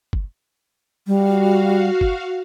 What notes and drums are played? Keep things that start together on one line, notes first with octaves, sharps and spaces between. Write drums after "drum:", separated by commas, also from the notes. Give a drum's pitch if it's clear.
drum: kick
G3 F#4 F5
drum: kick